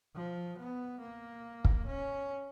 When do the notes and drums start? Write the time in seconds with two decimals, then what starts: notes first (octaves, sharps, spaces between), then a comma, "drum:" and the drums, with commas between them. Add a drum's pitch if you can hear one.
0.15 F3
0.58 B3
1.00 A#3
1.65 drum: kick
1.87 C#4